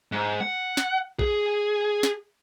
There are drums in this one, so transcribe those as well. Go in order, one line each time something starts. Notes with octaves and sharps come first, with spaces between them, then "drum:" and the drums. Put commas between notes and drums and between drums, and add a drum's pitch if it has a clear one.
G#2
F#5
drum: snare
G#4, drum: kick
drum: snare